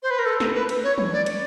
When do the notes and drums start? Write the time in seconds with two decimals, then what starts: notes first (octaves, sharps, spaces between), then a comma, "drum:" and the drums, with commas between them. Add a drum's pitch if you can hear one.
0.03 C5
0.11 B4
0.19 A#4
0.26 A4
0.40 drum: snare
0.55 B4
0.69 drum: cymbal
0.84 C#5
0.98 drum: tom
1.13 D5
1.26 drum: cymbal